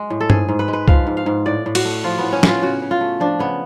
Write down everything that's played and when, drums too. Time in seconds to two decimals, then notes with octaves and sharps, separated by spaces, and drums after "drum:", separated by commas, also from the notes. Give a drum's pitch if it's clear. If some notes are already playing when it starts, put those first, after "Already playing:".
Already playing: G#3
0.10 A2
0.21 A4
0.30 G#2 G#4, drum: tom G2
0.49 G#2
0.59 B4
0.68 G#3
0.73 B4
0.88 F3 F5, drum: kick C2
1.07 G#2
1.17 F5
1.26 G#2
1.46 A2 D5
1.66 A2
1.75 F#4, drum: cymbal
1.85 A3
2.04 F3 F4
2.19 A2 B3
2.33 C#4
2.43 A2 F4, drum: snare
2.62 C#3 F#4
2.82 C#3
2.91 F4
3.01 A3
3.20 F3 D4
3.39 C#3 B3